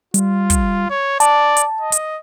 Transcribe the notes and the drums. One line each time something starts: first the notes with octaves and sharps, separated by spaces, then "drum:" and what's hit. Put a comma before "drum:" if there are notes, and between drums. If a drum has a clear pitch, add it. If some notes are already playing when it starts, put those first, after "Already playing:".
G3 F4, drum: hi-hat
drum: kick, hi-hat
C#5
D5 A5, drum: hi-hat
drum: hi-hat
D#5
drum: hi-hat